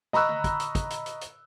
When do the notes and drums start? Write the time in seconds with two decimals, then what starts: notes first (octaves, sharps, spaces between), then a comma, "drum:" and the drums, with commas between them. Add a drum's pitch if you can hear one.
0.13 D#5 A#5 B5 C#6 E6 F#6, drum: snare
0.29 drum: tom D#3
0.44 drum: kick, hi-hat
0.60 drum: hi-hat
0.75 drum: kick, hi-hat
0.90 drum: hi-hat
1.06 drum: hi-hat
1.21 drum: hi-hat